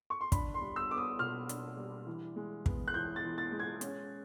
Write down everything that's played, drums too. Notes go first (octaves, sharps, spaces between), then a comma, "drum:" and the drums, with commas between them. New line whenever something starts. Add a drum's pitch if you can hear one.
C#6
C6
D4 B5, drum: kick, hi-hat
C6
G3
E6
B3 D6
D#6
B2 F6
D4, drum: hi-hat
G3
E3
G#3
B3, drum: kick
F#6
E3 G6
A6
E3
A6
G#3
G#6
C#4, drum: hi-hat